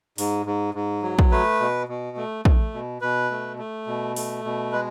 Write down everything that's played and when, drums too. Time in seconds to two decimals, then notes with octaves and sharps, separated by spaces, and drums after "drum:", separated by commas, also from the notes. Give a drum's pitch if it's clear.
0.18 G#2, drum: open hi-hat
0.46 G#2
0.74 G#2
1.02 F#3
1.19 drum: kick
1.31 A3 B4
1.60 B2
1.89 B2
2.17 A3
2.45 A3, drum: kick
2.74 B2
3.01 B2 B4
3.31 A3
3.59 A3
3.87 B2
4.16 A3, drum: open hi-hat
4.45 B2
4.72 G#3 B4